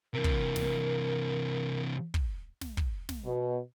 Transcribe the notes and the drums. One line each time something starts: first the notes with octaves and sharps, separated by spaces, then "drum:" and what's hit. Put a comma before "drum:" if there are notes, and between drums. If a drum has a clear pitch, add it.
C3 E3 A#4
drum: kick
drum: snare
drum: kick
drum: snare
drum: kick
drum: snare
B2